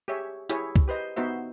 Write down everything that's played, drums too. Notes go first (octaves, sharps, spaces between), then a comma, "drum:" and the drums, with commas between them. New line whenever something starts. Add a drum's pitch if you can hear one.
G4 G#4 C#5 E5
E4 G4 G#4 C#5, drum: hi-hat
drum: kick C2
G4 B4 C5 D#5
B3 D#4 F#4 C5 E5